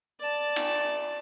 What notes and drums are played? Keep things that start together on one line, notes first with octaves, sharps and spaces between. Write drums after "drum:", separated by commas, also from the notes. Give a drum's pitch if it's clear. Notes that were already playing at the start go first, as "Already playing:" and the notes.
D5 A5
drum: cymbal